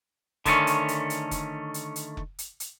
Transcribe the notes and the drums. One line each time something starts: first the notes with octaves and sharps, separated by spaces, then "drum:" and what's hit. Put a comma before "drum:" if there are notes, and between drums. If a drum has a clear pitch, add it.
D3 D#3 A3 C4 C#4, drum: kick F1, hi-hat
drum: hi-hat
drum: hi-hat
drum: hi-hat
drum: kick F1, hi-hat
drum: hi-hat
drum: hi-hat
drum: kick F1
drum: hi-hat
drum: hi-hat